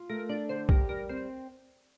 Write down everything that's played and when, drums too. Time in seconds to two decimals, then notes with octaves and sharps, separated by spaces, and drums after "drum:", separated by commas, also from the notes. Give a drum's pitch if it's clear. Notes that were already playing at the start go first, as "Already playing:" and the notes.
Already playing: F4
0.10 A3 A#4
0.29 D4 D5
0.49 D3 C5
0.69 G4 A#4, drum: kick
0.89 G3 A#4
1.09 C4 C5